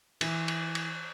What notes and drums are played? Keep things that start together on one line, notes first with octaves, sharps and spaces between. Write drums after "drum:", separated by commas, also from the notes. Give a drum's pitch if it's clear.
E3, drum: cymbal
drum: cymbal
drum: cymbal